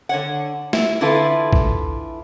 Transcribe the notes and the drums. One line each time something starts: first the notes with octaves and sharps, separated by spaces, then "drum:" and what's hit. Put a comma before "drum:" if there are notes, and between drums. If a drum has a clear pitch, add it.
D3 C#5 F#5
E4, drum: snare
D3 E3 E4 F4 A4 B4
drum: kick